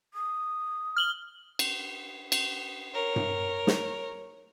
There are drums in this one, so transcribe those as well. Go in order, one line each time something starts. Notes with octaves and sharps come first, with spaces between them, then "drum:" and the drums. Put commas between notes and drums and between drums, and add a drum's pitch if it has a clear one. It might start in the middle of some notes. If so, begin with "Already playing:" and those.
D#6
F6 F#7 G7
drum: cymbal
drum: cymbal
A#4 C#5
drum: tom G2
drum: snare